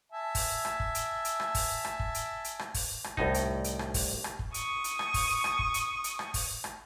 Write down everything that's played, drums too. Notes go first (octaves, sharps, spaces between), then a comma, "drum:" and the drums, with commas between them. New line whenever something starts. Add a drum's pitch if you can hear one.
E5 G#5 A5
drum: kick, open hi-hat
drum: rim click
drum: kick
drum: hi-hat
drum: hi-hat
drum: rim click
drum: kick, open hi-hat
drum: rim click
drum: kick
drum: hi-hat
drum: hi-hat
drum: rim click
drum: kick, open hi-hat
drum: rim click
C2 A2 D#4, drum: kick
drum: hi-hat
drum: hi-hat
drum: rim click
drum: kick, open hi-hat
drum: rim click
drum: kick
C#6 D#6, drum: hi-hat
drum: hi-hat
drum: rim click
drum: kick, open hi-hat
drum: rim click
drum: kick
drum: hi-hat
drum: hi-hat
drum: rim click
drum: kick, open hi-hat
drum: rim click